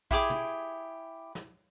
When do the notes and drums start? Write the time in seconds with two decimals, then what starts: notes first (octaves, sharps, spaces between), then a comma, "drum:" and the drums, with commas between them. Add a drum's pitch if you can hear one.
0.11 E4 G4 G#4 D6, drum: kick A#1
0.30 drum: tom
1.35 drum: snare